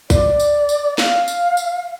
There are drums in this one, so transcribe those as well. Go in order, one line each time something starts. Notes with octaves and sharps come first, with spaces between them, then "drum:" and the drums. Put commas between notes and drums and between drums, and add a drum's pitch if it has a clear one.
D5, drum: kick A#1, tambourine
drum: tambourine
drum: tambourine
F5, drum: snare
drum: tambourine
drum: tambourine